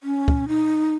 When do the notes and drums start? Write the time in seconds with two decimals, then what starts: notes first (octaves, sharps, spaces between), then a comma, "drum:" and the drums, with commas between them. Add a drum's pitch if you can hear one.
0.03 C#4
0.28 drum: kick
0.48 D#4